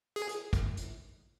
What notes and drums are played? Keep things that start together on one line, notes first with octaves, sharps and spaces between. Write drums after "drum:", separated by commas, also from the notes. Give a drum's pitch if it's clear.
G#4
drum: hi-hat
drum: kick, hi-hat
drum: hi-hat